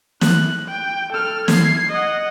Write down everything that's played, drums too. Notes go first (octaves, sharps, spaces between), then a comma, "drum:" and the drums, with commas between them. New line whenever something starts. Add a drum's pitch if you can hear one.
F#6, drum: snare
G5
A4 F6
G#6 C7, drum: snare
D#5 F#5